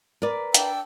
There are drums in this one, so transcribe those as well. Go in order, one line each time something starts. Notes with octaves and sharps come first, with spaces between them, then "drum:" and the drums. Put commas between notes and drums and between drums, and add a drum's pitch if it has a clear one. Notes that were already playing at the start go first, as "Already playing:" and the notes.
A#4 B4 D5
D4 G5 E6, drum: hi-hat